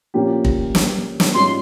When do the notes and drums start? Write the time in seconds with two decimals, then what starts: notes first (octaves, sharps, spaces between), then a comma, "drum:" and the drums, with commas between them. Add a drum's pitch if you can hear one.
0.14 A#2 F3 A#3 C#4 G4
0.45 drum: kick
0.75 drum: snare
1.20 drum: snare
1.34 G#2 G3 C#4 F4 C6